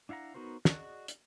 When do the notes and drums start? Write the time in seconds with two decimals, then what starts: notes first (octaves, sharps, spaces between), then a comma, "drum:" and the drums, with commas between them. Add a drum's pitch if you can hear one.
0.09 D4 E4 F5 F#5 A#5
0.34 B3 D#4 F#4 A#4 C5
0.65 F#4 G#4 D5 D#5 F#6, drum: snare
1.08 drum: hi-hat